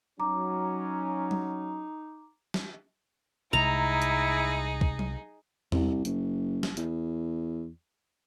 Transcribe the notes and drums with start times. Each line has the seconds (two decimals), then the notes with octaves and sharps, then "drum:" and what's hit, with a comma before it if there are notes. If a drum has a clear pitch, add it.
0.20 F#3 C#4 D#4 A#5 D6
1.31 drum: tom F#3
2.54 drum: snare
3.53 C2 C3 G#3 D#4 E4 G#4 A#5
4.02 drum: hi-hat
4.81 drum: kick
4.99 drum: tom F#3
5.72 C2, drum: tom E2
6.05 F#1, drum: hi-hat
6.63 drum: snare
6.77 E2, drum: hi-hat